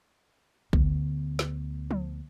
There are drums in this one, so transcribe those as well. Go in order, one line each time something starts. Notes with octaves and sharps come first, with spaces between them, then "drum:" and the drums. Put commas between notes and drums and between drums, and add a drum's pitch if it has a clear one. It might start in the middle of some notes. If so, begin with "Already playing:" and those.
D2 B3, drum: kick
drum: snare
drum: tom F3